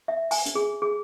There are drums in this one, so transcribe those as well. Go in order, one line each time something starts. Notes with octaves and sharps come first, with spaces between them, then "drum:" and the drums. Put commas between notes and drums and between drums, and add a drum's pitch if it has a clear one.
E5
G#5, drum: open hi-hat
drum: hi-hat
G#4
G#4